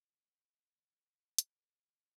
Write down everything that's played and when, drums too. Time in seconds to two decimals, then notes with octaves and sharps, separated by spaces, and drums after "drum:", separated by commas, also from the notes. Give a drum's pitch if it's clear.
0.09 C#2
0.28 B3
0.53 E5
0.76 B1
1.38 F#4, drum: hi-hat
1.52 A#4
1.69 G4
1.88 A1